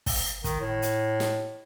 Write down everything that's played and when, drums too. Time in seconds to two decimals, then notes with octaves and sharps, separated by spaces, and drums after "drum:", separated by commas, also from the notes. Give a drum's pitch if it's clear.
0.06 drum: kick, open hi-hat
0.44 D#3, drum: kick, hi-hat
0.61 A2
0.82 drum: hi-hat
1.20 drum: snare